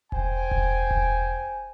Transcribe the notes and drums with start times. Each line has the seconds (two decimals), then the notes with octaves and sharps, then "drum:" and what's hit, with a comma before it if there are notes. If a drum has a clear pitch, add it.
0.12 C5 G5 G#5, drum: kick E1
0.51 drum: kick E1
0.91 drum: kick E1